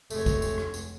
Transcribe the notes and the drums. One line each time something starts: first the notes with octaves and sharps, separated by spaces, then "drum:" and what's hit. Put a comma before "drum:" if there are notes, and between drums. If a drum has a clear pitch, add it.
F1 G#3 A3 C#5, drum: tambourine
drum: kick, tambourine
drum: tambourine
drum: rim click
drum: tambourine